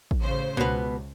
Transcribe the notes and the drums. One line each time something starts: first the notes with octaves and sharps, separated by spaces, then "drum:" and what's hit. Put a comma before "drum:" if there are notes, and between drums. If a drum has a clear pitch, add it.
drum: kick A1
A1 C#3 C5
C#2 B2 B3